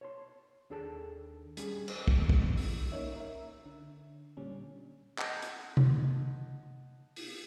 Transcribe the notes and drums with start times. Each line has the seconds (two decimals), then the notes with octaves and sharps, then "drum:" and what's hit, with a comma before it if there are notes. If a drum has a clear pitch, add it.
0.01 C#5 A5 C6
0.70 D#2 D4 G#4 A4 G5 A5
1.57 G3 C#4 G4 G#4, drum: hi-hat
1.88 drum: cymbal
2.08 drum: kick
2.29 G#2 G3, drum: kick
2.57 E6, drum: open hi-hat
2.92 A#3 C#4 D#4 C#5 E5
3.16 A#4 E5
3.66 D3
4.37 A#2 D3 G3 C#4
5.18 D#5 F#5 A5 G6 G#6 A#6, drum: clap
5.42 drum: hi-hat
5.77 drum: tom C3
7.16 drum: open hi-hat